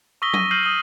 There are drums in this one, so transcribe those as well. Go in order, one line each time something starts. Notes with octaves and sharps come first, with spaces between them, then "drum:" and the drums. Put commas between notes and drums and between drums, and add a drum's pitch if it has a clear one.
C#6 D#6 E6 A#6 B6 G7
A#6 D#7, drum: tom F#3
F6 G6 C7 D#7 F#7
D#6 G7